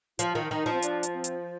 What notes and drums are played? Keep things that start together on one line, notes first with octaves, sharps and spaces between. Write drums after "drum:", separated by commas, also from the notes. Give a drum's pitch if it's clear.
F3 F4, drum: hi-hat
D#3
D#3 D#4
F3
C4
D4, drum: hi-hat
drum: hi-hat
C4
drum: hi-hat